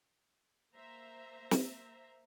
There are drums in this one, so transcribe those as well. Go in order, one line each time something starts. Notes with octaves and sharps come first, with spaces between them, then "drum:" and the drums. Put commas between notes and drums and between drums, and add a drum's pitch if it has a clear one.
A#3 C5 E5 A#5
drum: snare